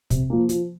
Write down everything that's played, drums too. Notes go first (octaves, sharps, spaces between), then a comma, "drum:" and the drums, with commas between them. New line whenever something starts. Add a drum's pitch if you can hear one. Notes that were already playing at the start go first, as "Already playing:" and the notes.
C3, drum: kick, hi-hat
F3 A#3
F3, drum: hi-hat